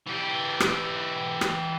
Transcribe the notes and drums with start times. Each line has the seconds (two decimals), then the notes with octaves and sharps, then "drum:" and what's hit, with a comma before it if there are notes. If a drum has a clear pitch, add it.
0.07 E3 G4
0.60 drum: rim click
1.41 drum: rim click